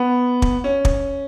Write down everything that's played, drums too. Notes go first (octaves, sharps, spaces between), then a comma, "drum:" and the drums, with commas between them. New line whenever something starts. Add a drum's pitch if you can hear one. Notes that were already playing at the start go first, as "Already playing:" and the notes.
Already playing: B3
drum: kick
C#4
drum: kick